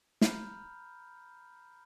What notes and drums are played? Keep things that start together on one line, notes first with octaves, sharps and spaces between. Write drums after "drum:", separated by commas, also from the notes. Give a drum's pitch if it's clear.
A#5 B5 F6 G6, drum: snare